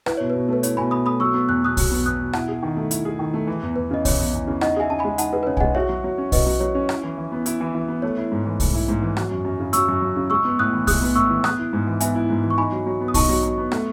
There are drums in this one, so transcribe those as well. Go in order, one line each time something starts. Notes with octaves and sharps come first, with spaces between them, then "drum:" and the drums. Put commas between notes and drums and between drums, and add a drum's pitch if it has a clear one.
E4 B4, drum: rim click
B2 C#5
B2 B4
A3 B4
E4 C#5, drum: hi-hat
B2 G#5 B5
B2 B5 D#6
A3 B5 D#6
F#3 C#6 E6
B3
E2 F#6
B2 D#6 F#6
F#3, drum: kick B1, open hi-hat
B3
E2 D#6 F#6
B2
E4 F#5 A5, drum: rim click
G#4
D#3
A3
E4, drum: hi-hat
G#4
D#3
A3
E3
E2
E2 B4
C#3 D#5
E3 C#5, drum: kick B1, open hi-hat
E2
E2
C#3
D#4 D#5 F#5, drum: rim click
G#4 E5 G#5
C#3 A5
G#5 B5
G#3
D#4 F#5 A5, drum: hi-hat
G#4 B4
B4
C#3 C#5
G#5, drum: kick B1
G#3 D#5 F#5
F#4 C#5 E5
F#3
F#3
C#4
F#4 B4 D#5, drum: kick B1, open hi-hat
F#3
F#3 C#5
C#4
E4, drum: rim click
E3
E3
B3
E4, drum: hi-hat
E3
E3
B3
A3 C#5
E4
G#2
E3
A3, drum: kick B1, open hi-hat
E4
G#2
E3
F#3, drum: rim click
F#2
F#2
C#3
F#3 C#6 E6, drum: hi-hat
F#2
F#2
C#3
G#3 C#6 E6
B3
A2 D#6 F#6
E3
G#3 D#6 F#6, drum: kick B1, open hi-hat
B3
A2 C#6 E6
E3
B3 D#6 F#6, drum: rim click
E4
G#2
E3
B3 E5 G#5, drum: hi-hat
E4
G#2
E3
C#6
D#4 G#5 B5
F#3
F#3
B3
D#6
D#4 A5 C#6, drum: kick B1, open hi-hat
F#3
F#3
B3
A3, drum: rim click